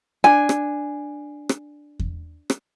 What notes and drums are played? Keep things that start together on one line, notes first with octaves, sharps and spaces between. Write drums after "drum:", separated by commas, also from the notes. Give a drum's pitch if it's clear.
D4 G#5
drum: rim click
drum: rim click
drum: kick E2
drum: rim click